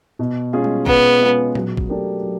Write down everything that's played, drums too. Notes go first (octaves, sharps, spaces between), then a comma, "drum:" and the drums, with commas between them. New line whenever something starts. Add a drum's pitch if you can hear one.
B2
G#3 C#4 F4 G#4
drum: tom G3
B2 B3, drum: kick A1
G#3 C#4 F4 G#4
F#3, drum: tom A#2
drum: kick A1
A3 D4 G4 A#4
F#3